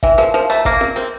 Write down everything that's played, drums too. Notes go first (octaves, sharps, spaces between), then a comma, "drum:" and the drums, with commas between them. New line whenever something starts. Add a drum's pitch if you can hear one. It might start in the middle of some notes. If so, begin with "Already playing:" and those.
E3 E5, drum: kick G#1
F3 A#4, drum: hi-hat
F3 A#4
A3 A#5, drum: hi-hat
A#3 A#4, drum: kick G#1
A#4, drum: snare
C4 A#4